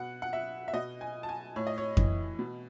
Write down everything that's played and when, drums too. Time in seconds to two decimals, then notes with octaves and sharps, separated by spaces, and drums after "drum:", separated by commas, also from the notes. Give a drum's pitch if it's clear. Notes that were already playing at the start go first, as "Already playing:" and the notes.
Already playing: B2 F#5
0.22 F#5
0.33 E5
0.68 E5
0.74 B2 D#5
1.01 G#5
1.23 A5
1.29 G#5
1.56 A2 C#5
1.67 D#5
1.78 C#5
1.97 E3, drum: kick F2
2.39 B2